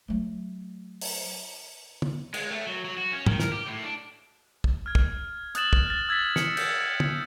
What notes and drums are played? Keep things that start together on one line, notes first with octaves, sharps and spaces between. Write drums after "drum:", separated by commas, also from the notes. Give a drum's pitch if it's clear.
F#3 A3
drum: open hi-hat
drum: tom
G#3, drum: cymbal
A3
F#3
F#3
F#4
C#4
D#3, drum: tom
A#4, drum: snare
G4
A2
D4
drum: kick
F6 G#6
drum: kick
D#6 F#6 A6 E7 F#7, drum: hi-hat
drum: kick
F6 A6
E6 G#6 A6 B6
C#7, drum: snare
G6, drum: cymbal
drum: tom